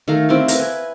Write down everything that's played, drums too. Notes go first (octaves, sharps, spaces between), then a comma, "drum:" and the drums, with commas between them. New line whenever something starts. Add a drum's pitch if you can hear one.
D#3 A3 F5 A#5
C4 E4 G4 F5
A#4 B4, drum: hi-hat
G#5